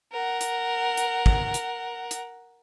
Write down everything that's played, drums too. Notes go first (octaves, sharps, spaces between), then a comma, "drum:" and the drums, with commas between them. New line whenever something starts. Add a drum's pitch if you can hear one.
A#4 F#5
drum: hi-hat
drum: hi-hat
drum: kick
drum: hi-hat
drum: hi-hat